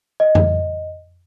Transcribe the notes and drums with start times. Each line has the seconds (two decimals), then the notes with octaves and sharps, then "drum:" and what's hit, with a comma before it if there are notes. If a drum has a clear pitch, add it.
0.20 D#5
0.35 drum: tom F2